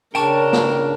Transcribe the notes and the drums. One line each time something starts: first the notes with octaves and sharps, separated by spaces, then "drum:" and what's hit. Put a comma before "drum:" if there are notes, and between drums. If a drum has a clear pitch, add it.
C#3 D4 A#4 G5 A5 C#6, drum: tambourine
drum: snare